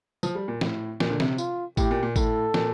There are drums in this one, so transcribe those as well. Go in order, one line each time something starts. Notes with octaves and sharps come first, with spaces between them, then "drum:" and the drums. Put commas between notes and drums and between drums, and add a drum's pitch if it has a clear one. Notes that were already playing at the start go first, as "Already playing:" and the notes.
F3, drum: tambourine
G3
A#2
A2, drum: snare
A#2, drum: snare
D3
C3, drum: snare
F4, drum: tambourine
A2 G4, drum: kick G#1, tambourine
A#2
A#2
A2 A4, drum: kick G#1, tambourine
A#2, drum: snare